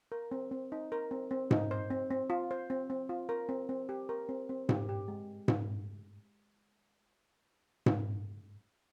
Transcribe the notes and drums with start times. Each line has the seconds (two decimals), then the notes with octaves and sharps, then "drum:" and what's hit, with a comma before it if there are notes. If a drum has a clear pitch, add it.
0.12 A#4
0.31 C4
0.51 C4
0.72 D#4
0.92 A#4
1.11 C4
1.31 C4
1.51 D#4, drum: tom G#2
1.71 C5
1.90 C4
2.11 C4
2.30 F4
2.51 C5
2.70 C4
2.90 C4
3.09 F4
3.29 A#4
3.49 C4
3.69 C4
3.89 G4
4.09 A#4
4.29 C4
4.49 C4
4.69 G4, drum: tom G#2
4.89 G4
5.08 G#3
5.48 drum: tom G#2
7.86 drum: tom G#2